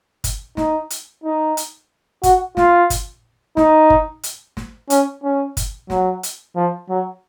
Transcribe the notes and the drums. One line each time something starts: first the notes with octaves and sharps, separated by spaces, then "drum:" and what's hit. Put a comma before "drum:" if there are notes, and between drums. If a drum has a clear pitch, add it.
drum: kick G1, hi-hat
D#4, drum: snare
drum: hi-hat
D#4
drum: hi-hat
F#4, drum: kick G1, hi-hat
F4, drum: snare
drum: kick G1, hi-hat
D#4, drum: snare
drum: kick G1
drum: hi-hat
drum: snare
C#4, drum: hi-hat
C#4
drum: kick G1, hi-hat
F#3, drum: snare
drum: hi-hat
F3
F#3